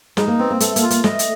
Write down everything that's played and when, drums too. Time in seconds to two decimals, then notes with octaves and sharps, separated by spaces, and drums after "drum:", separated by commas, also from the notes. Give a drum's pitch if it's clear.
0.17 G#3 D#4, drum: snare
0.28 A#3
0.39 B3 C4
0.50 A#3
0.60 A3 A4, drum: hi-hat
0.76 A#3, drum: hi-hat
0.82 F4
0.90 A#3, drum: hi-hat
1.04 A3 D#5, drum: snare
1.19 drum: hi-hat